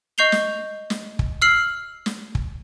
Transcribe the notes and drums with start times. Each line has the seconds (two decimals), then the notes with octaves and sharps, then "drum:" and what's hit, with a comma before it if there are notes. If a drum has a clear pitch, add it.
0.18 D#5 C#6 G6 C7 F7 G7
0.32 drum: snare
0.90 drum: snare
1.19 drum: kick
1.42 E6 F6 C7 F#7
2.06 drum: snare
2.35 drum: kick